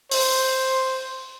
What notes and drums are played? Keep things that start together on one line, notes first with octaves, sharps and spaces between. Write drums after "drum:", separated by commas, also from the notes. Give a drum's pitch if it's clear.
C5, drum: open hi-hat